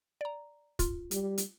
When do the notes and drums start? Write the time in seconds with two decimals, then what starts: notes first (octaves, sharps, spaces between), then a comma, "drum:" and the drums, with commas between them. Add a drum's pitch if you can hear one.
0.21 D5 A#5
0.79 F4, drum: kick, hi-hat
1.11 G3, drum: hi-hat
1.38 drum: hi-hat